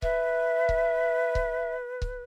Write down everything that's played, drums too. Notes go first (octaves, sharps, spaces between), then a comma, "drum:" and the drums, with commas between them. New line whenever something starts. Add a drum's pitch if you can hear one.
B4 E5, drum: kick C#1
drum: kick C#1
drum: kick C#1
drum: kick C#1